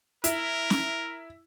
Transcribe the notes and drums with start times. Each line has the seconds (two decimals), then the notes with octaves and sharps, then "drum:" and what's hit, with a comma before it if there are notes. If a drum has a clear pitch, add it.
0.24 E4 A#4, drum: hi-hat
0.70 drum: snare C#4